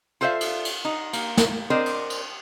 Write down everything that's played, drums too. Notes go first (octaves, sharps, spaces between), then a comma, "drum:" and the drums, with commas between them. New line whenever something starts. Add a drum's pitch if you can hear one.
F4 A4 C5 D5 E5 F5
drum: cymbal
drum: cymbal
D#4
A#3, drum: cymbal
drum: snare
C4 D4 A#4 C5 D5 D#5
drum: cymbal
drum: cymbal